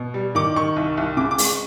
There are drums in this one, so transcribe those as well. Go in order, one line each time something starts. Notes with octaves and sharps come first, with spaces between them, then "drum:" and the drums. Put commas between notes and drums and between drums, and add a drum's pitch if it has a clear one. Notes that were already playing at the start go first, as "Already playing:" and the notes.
Already playing: B2
G3
D#3 D6
D#3 C#6
C2
C2
C#3 D6
D6
G#3, drum: open hi-hat
C#6